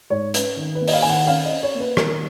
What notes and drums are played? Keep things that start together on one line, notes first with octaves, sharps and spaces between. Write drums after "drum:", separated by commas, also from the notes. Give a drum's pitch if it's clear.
G#2 C#5
C#4 B4, drum: hi-hat
D#3
B4
A#3
D#5, drum: open hi-hat
F5
D#3 G#5
F#5
C#4 F5
D#5
C#4
C#5
A#3
B4
D#3 A#4, drum: rim click